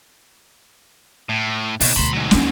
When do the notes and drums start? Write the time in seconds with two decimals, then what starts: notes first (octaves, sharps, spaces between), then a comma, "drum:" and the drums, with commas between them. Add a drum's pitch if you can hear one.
1.29 A2
1.81 D#2 B2, drum: open hi-hat
1.96 D2 B2 B5 C6
2.13 G#2 F#3
2.31 D#2 C#4, drum: snare